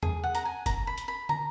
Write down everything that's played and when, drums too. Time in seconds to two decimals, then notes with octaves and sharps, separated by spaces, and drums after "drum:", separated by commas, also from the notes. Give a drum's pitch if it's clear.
0.03 G#4, drum: tom E2
0.24 F#5
0.35 A#5, drum: hi-hat
0.45 G#5
0.66 A#5, drum: kick, hi-hat
0.87 B5
0.98 drum: hi-hat
1.08 B5
1.29 A#5, drum: tom